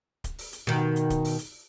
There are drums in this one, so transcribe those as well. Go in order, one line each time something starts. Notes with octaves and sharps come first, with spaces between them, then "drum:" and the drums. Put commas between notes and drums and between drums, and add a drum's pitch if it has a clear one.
drum: kick D1, hi-hat
drum: open hi-hat
drum: hi-hat
B2 D#3
drum: hi-hat
drum: kick D1, hi-hat
drum: open hi-hat
drum: hi-hat